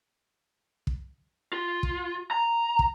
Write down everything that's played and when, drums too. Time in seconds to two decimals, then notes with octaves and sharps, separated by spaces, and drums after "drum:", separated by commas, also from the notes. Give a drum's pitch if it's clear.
0.87 drum: kick
1.53 F4
1.83 drum: kick
2.31 A#5
2.79 drum: kick